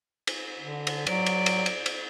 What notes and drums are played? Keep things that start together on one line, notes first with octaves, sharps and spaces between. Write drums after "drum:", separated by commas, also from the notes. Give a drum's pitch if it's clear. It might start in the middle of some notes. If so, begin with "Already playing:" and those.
drum: cymbal
D3
drum: cymbal
F#3 D5, drum: cymbal
drum: cymbal
drum: cymbal
drum: cymbal
drum: cymbal